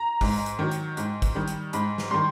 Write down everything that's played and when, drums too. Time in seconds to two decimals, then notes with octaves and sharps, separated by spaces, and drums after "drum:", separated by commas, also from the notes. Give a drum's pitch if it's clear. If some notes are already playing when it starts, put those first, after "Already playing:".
Already playing: A#5
0.21 G#2, drum: kick, open hi-hat
0.46 drum: hi-hat
0.59 D#3 F#3
0.71 drum: hi-hat
0.97 G#2, drum: hi-hat
1.22 drum: kick, hi-hat
1.35 D#3 G3
1.48 drum: hi-hat
1.73 G#2 B5, drum: hi-hat
1.98 drum: snare
2.11 D#3 G3 C6